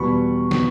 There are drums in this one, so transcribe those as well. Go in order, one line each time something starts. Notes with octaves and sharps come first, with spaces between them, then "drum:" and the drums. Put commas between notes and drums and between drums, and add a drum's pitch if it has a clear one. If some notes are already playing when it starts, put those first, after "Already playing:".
Already playing: E2 B2 G3 B5 C#6
B2, drum: snare